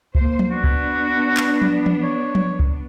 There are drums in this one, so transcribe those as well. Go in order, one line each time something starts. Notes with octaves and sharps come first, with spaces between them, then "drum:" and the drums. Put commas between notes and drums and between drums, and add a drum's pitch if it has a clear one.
A#3 C5, drum: kick C#2
drum: tom F3
B3 D4 F#4
drum: kick C#2
drum: clap
drum: tom F3
drum: tom E3
C#5
drum: tom F3
drum: kick C#2